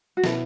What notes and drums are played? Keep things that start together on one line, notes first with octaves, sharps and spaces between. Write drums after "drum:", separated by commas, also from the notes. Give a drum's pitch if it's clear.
F#4
B2 B3 E4 A4, drum: snare